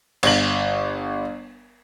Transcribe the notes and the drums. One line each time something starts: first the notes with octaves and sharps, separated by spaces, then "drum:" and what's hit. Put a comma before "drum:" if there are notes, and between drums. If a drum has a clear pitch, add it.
G1 F#7, drum: cymbal